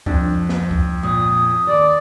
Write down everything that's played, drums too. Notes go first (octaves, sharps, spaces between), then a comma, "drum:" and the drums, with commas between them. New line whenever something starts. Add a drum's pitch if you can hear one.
F2 D4, drum: kick C#2
drum: snare
drum: kick C#2
A#2 D#6
D#2 D5